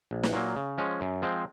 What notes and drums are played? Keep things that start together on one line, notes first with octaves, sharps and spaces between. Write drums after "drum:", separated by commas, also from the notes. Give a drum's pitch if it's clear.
A#1
drum: snare
A#2 F#3 A#3
C#3
F3 G#3 C#4
F#2
F3 G#3 C4